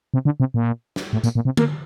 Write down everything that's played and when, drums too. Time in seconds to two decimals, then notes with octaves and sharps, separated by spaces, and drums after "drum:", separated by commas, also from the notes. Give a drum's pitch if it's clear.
0.14 C3
0.25 D3
0.40 C3
0.54 A#2
0.96 drum: snare
1.13 A2
1.24 A#2, drum: tambourine
1.35 A#2
1.45 C3
1.57 A#3, drum: tom D3